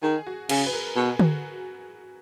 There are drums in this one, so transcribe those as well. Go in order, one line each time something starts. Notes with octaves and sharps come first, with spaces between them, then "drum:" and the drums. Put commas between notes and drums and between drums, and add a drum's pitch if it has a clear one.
D#3 G#4
F#4
C#3 G#4, drum: cymbal
B4
A#4
B2 G#4
F#4, drum: tom D3